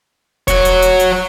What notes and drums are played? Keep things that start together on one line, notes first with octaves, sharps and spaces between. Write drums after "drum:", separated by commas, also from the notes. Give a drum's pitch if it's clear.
F#4 C#5, drum: kick E1, hi-hat
drum: hi-hat
drum: hi-hat
drum: hi-hat